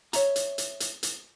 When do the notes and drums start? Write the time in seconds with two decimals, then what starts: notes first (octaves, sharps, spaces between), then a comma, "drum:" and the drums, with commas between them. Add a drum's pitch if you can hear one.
0.13 C#5 E5 A#5, drum: hi-hat
0.36 drum: hi-hat
0.58 drum: hi-hat
0.80 drum: hi-hat
1.03 drum: hi-hat